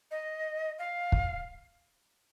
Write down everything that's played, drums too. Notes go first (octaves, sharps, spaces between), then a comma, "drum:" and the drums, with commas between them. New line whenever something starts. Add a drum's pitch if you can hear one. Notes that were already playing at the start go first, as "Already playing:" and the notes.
D#5
F5
drum: kick